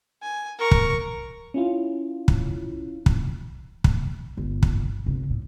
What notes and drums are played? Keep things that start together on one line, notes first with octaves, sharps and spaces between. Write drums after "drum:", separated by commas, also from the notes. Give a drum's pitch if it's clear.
G#5
A#4 C#6
drum: kick
C#4 E4 F4
drum: kick
drum: kick
drum: kick
G1
drum: kick
F1 D3
A2